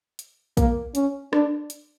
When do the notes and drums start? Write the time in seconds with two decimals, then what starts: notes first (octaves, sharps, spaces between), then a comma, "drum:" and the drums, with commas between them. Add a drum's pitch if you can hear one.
0.19 drum: hi-hat
0.57 A#3, drum: kick, hi-hat
0.95 C#4, drum: hi-hat
1.33 D4, drum: rim click
1.70 drum: hi-hat